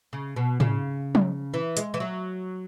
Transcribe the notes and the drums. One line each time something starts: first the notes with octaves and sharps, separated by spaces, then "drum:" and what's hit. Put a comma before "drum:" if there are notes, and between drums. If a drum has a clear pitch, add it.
C#3
B2
C#3, drum: tom
drum: tom F3
E3
G#3, drum: hi-hat
E3
F#3